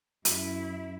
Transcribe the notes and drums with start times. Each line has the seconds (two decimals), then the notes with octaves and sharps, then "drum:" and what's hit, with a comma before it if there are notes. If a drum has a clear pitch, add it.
0.25 F#2 E4, drum: hi-hat